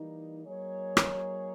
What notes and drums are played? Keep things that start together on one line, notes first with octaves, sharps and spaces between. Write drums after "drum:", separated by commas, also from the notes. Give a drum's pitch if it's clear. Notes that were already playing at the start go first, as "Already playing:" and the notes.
Already playing: E3 G3 A#3 D#4
F#3 A#3 D#4 G#4 C#5
drum: rim click